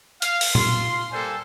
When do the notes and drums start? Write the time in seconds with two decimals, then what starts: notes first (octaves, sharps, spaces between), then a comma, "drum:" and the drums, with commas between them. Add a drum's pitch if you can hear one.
0.22 F5, drum: hi-hat
0.41 drum: open hi-hat
0.55 F4 C6, drum: tom A#2
1.12 G3 A#3 A4 C5 G#5